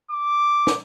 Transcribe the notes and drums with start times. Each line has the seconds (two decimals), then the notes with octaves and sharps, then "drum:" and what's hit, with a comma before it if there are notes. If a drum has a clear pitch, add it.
0.11 D6
0.67 drum: snare